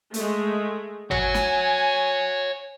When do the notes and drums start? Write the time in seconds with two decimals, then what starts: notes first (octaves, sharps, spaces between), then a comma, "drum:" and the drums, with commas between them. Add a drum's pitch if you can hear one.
0.14 G#3 A3, drum: hi-hat
1.11 C#5 F#5 G#5, drum: tom G#1
1.34 drum: snare